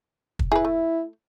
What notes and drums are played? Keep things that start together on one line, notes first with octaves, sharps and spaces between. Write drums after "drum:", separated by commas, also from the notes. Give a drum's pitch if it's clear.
drum: kick
E4 G#4 B4
A3